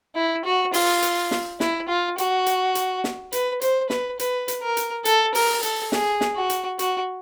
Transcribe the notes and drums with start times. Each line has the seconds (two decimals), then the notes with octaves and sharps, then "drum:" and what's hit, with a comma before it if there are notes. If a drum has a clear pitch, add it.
0.15 E4
0.45 F#4
0.74 F4, drum: open hi-hat
1.02 drum: hi-hat
1.31 drum: snare
1.60 E4, drum: snare
1.89 F4
2.18 F#4, drum: hi-hat
2.46 drum: hi-hat
2.75 drum: hi-hat
3.04 drum: snare
3.32 B4, drum: hi-hat
3.61 C5, drum: hi-hat
3.90 B4, drum: snare
4.19 B4, drum: hi-hat
4.48 drum: hi-hat
4.62 A#4
4.77 drum: hi-hat
5.05 A4, drum: hi-hat
5.35 A#4, drum: open hi-hat
5.63 A4, drum: hi-hat
5.92 G#4, drum: snare
6.21 drum: snare
6.36 F#4
6.50 drum: hi-hat
6.79 F#4, drum: hi-hat